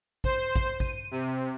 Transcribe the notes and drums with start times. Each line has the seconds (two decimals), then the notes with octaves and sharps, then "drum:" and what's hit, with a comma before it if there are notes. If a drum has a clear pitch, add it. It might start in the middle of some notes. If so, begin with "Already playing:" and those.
0.24 C5, drum: kick A1
0.56 drum: kick A1
0.80 D#7, drum: kick A1
1.11 C3